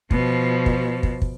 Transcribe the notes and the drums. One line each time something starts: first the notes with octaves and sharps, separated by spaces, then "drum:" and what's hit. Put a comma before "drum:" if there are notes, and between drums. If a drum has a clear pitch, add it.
B2 F3, drum: kick
drum: kick
drum: kick
drum: kick